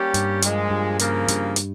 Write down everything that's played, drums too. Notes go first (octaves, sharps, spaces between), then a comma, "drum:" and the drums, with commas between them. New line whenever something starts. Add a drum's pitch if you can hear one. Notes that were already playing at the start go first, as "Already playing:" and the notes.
Already playing: G3 A#3 C#4 G4
G2, drum: hi-hat
A#2 F3 G#3, drum: hi-hat
G2
C#3 F3 A#3, drum: hi-hat
G2, drum: hi-hat
drum: hi-hat